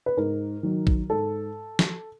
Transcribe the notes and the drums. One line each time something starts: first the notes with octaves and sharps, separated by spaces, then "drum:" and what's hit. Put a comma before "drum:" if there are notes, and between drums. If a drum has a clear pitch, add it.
B4
G#2 A#4
D#3 F#3
drum: kick
G#2 A4
drum: snare